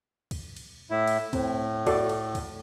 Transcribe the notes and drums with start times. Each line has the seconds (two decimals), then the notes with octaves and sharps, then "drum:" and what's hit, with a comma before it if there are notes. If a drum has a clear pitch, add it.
0.31 drum: kick, cymbal
0.57 drum: cymbal
0.90 A2 E4
1.07 drum: cymbal
1.33 A2 C4, drum: kick, cymbal
1.87 F#4 A4 D5, drum: kick, cymbal
2.09 drum: cymbal
2.35 drum: kick, cymbal